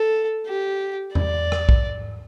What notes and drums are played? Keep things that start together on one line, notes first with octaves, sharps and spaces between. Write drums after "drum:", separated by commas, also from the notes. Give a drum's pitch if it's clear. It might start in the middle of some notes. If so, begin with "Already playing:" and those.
Already playing: A4
G4
D5, drum: tom E2
drum: rim click
drum: kick A#1